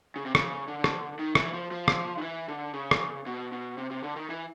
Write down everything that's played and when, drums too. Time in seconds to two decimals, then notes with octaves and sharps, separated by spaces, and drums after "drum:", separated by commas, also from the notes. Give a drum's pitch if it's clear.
0.16 C#3
0.26 C3
0.35 C#3, drum: rim click
0.68 D3
0.84 drum: rim click
1.19 D#3
1.35 E3, drum: rim click
1.53 F3
1.71 F3
1.88 drum: rim click
2.18 D#3
2.22 E3
2.48 D3
2.73 C#3
2.91 drum: rim click
3.26 B2
3.52 B2
3.78 C3
3.91 C3
4.03 D3
4.16 D#3
4.29 E3